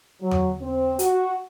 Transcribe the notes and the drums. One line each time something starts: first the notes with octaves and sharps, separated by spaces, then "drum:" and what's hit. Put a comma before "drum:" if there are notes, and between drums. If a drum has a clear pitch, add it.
F#3
drum: tom E2
C4
F#4, drum: hi-hat